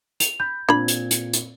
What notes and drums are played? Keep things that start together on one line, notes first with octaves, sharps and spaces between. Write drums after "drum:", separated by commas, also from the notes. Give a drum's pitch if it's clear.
F7, drum: hi-hat
B5 G6
A#2 C4 D4 B5 G#6
drum: hi-hat
drum: hi-hat
drum: hi-hat